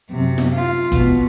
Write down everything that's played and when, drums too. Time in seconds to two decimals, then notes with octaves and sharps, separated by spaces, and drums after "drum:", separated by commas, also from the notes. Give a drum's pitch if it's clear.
0.10 F#2 C3
0.38 drum: snare
0.54 F4
0.92 B2, drum: kick G1, hi-hat